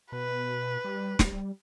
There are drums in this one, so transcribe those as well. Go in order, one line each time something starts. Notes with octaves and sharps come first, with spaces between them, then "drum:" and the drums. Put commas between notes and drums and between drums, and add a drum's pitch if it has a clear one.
B2 B4
G3
G3, drum: snare